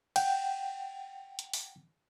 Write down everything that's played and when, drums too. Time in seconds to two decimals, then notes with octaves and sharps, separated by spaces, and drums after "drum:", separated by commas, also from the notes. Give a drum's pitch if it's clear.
0.16 F#5 G5, drum: cymbal
1.39 drum: hi-hat
1.53 drum: open hi-hat